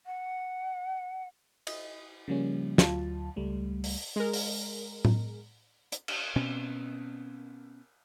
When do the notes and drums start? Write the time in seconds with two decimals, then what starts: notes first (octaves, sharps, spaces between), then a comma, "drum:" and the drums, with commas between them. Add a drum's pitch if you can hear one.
0.06 F#5
1.67 D#5, drum: cymbal
2.28 C#3 F3 G3 A#3 C#4
2.78 D2 F#3 F4 A5, drum: snare
3.36 C#2 G3 A3
3.84 drum: open hi-hat
4.16 G#3 A#4
4.33 drum: open hi-hat
5.05 drum: tom A2
5.92 drum: hi-hat
6.08 drum: cymbal
6.36 B2 C4 C#4